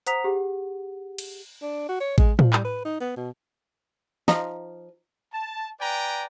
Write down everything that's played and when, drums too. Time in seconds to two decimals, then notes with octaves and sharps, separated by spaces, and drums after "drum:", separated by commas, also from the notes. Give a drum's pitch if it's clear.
0.07 C5 F#5 A#5 D#6 B6 F7, drum: hi-hat
0.24 G4 G#4 F#5
1.18 drum: cymbal
1.62 D4
1.88 F#4
2.00 C#5
2.18 G#3, drum: kick A1
2.39 F3, drum: tom A2
2.53 G3, drum: clap
2.65 B4
2.85 D#4
3.01 B3
3.16 B2
4.28 F3 D#4, drum: snare
5.33 A5
5.80 B4 D5 G5 G#5 A#5